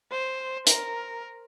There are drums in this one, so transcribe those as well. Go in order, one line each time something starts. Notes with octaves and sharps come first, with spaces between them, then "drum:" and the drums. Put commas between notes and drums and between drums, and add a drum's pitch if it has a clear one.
C5
A#4, drum: hi-hat